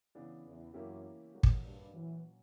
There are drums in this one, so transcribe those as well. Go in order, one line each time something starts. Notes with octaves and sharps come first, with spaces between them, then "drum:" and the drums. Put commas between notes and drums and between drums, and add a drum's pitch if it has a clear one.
C#3 E3 B3 D4
E2
F#2 E3 A#3 C#4 E4 G4
D3 G3 A#3 C#4 F#4
drum: kick
G2
A#2 E3 F#3 C#4 F#4